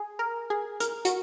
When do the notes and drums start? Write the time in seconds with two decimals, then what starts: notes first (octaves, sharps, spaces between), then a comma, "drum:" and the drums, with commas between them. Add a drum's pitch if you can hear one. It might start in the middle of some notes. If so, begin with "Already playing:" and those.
Already playing: G#4
0.19 A#4
0.50 G#4
0.80 A#4, drum: hi-hat
1.05 F#4, drum: hi-hat